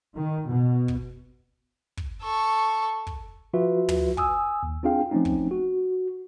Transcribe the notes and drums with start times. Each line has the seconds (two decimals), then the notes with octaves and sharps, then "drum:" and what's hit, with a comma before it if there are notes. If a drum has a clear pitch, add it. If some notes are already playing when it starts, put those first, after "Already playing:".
0.14 D#3
0.48 B2
0.88 drum: kick
1.97 drum: kick
2.23 A4 C#6
3.07 drum: kick
3.54 F3 F4 F#4 B4 E5
3.89 drum: tom
4.17 G#5 D#6 E6, drum: kick
4.63 D#2
4.83 C4 D4 F4 G#4 F5 G5
5.11 F3 A3 C4 C#4 D#4
5.25 drum: kick
5.51 F#4